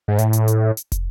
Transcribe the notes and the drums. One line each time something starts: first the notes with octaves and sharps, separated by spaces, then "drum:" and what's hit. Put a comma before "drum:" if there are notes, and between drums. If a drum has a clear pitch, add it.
G#2
A2, drum: hi-hat
drum: hi-hat
drum: hi-hat
drum: hi-hat
drum: kick, hi-hat